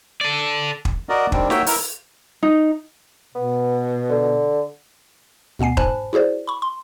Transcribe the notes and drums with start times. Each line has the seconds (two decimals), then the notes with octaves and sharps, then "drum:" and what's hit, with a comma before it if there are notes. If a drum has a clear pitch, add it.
0.21 A4 D5
0.85 drum: kick
1.09 F#4 A#4 D5 D#5
1.32 D#3 G3 C4 D4, drum: kick
1.50 A#3 F#4 C#5 E5 G5, drum: snare
1.66 E4 A#4, drum: open hi-hat
2.43 D#4
3.35 B2 B3
4.10 D3
5.59 D2 B2 B3 G#5 C7
5.77 G#2 C5 G#5 A5 B5 F#6, drum: kick
6.13 E4 F#4 G#4 C5 D5
6.47 B5 C#6
6.62 C6